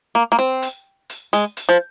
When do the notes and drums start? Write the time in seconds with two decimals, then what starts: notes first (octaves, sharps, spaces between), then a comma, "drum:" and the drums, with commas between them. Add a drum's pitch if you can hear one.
0.15 A#3
0.32 A#3
0.39 C4
0.62 drum: hi-hat
1.10 drum: hi-hat
1.33 G#3, drum: hi-hat
1.57 drum: hi-hat
1.69 F3